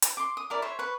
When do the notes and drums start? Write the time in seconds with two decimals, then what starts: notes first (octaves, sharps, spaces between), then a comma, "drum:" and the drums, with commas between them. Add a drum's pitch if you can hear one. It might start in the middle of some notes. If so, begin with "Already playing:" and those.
0.02 drum: hi-hat
0.17 C6 D6
0.37 D#6
0.50 E4 A#4 D5
0.62 C5 C#5 E5
0.79 B4 C#6